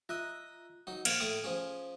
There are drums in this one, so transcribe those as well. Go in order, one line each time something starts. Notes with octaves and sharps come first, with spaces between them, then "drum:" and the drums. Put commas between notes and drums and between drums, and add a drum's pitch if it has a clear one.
F4 D#5 E5 F#6
F#3 D#4
A#1 F5 F6 G#6, drum: cymbal
A2 C#6 D#6
F3 C#4 G#4